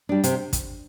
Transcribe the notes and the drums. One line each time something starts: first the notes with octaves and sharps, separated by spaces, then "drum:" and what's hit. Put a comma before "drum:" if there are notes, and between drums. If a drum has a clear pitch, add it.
G3 D4
C3, drum: hi-hat
drum: kick, hi-hat